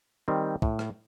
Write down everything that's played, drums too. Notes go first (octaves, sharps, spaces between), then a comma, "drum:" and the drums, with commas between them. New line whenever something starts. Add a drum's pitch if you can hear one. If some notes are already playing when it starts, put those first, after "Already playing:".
D#3 G3 C4
A2, drum: kick
drum: rim click